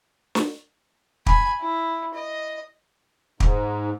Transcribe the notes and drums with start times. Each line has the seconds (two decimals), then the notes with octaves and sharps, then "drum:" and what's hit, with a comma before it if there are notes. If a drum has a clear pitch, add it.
0.35 drum: snare
1.26 G#5 B5, drum: kick
1.60 E4
2.14 D#5
3.40 G#2, drum: kick